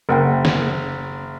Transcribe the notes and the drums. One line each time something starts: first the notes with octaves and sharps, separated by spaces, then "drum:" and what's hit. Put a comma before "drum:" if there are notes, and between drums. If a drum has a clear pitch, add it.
F#1 A#4 F#5 G5
drum: snare